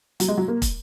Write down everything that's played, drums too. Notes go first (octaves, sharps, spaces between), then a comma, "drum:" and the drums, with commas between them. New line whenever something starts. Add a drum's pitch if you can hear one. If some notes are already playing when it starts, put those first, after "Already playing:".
F#3, drum: hi-hat
G#3
F#3
A#3
drum: kick, hi-hat